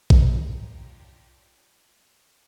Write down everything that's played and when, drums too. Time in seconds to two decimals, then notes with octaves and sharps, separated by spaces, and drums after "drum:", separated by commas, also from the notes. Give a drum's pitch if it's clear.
0.10 D4 D#4 F4 G4 C#5, drum: kick A#1